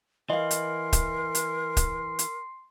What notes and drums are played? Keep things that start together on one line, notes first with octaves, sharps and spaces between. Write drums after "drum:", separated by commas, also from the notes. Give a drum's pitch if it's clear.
E3 A#4 D#5 F5 C6
drum: hi-hat
drum: kick, hi-hat
drum: hi-hat
drum: kick, hi-hat
drum: hi-hat